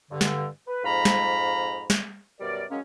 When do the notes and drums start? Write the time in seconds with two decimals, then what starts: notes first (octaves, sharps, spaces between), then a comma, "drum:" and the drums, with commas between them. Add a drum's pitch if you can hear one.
0.11 G2 D3
0.21 drum: snare
0.67 B4
0.84 F2 G#2 F5 A#5 B5
1.05 drum: snare
1.90 drum: snare
2.40 F#2 B2 G3 A#4 D5
2.70 F#3 G#3 A#3 C#4